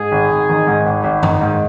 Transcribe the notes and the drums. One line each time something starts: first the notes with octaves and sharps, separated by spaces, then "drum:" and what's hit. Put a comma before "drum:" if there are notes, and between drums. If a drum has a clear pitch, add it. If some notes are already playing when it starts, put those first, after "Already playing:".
Already playing: G#2 G#4
G#1
G#1
D#3
G#2
G#1
G#1
D#3, drum: tom F#2
G#2